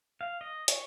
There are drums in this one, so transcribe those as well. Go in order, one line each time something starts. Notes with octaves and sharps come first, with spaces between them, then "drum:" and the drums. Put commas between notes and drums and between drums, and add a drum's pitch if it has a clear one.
F5
D#5
C#5, drum: hi-hat